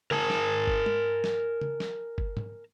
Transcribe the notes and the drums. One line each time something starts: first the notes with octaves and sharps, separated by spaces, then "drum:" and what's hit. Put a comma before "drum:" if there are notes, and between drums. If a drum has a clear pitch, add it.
A#4 G#5 A5, drum: tom
drum: snare
drum: kick F#1
drum: tom
drum: snare
drum: tom
drum: snare
drum: kick F#1
drum: tom